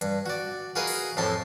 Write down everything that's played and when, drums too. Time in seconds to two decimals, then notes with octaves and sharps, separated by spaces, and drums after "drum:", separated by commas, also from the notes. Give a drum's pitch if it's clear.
0.01 G2, drum: hi-hat
0.26 F#4 D5
0.76 F#4 G#4 A#4 B4 D#5 F5
0.87 drum: open hi-hat
1.17 F2 A2 E4 A5 C6